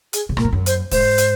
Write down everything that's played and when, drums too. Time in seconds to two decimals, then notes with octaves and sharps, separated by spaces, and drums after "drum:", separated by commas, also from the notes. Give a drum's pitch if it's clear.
0.13 G#4, drum: hi-hat
0.29 C3
0.37 A#2 A#4, drum: rim click
0.45 G#2
0.52 F#2
0.66 C5, drum: hi-hat
0.92 G#2 C5, drum: kick, open hi-hat
1.18 drum: hi-hat